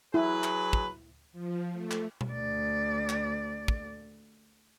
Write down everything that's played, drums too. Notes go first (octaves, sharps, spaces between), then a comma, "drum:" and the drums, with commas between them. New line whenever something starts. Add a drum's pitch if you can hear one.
F#3 E4 G#4 B4
drum: clap
drum: kick
F3
A3
drum: clap
drum: tom B2
D2 D5
drum: clap
drum: kick